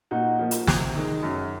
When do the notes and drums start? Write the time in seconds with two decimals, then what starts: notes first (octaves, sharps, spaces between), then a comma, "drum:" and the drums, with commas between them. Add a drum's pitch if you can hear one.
0.11 A#2 D#4 F#4
0.39 F3 A#3
0.51 drum: hi-hat
0.67 C3, drum: snare
0.95 D#3 G#3
1.23 F#2